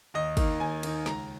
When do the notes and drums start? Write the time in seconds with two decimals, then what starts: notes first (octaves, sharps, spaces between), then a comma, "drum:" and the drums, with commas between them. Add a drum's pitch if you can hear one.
0.14 D#2 D#5
0.37 D#3 A#3 D#4, drum: kick, cymbal
0.60 D#2 G#5
0.83 D#3 A#3 D#4, drum: cymbal
1.06 C#2 A#5, drum: snare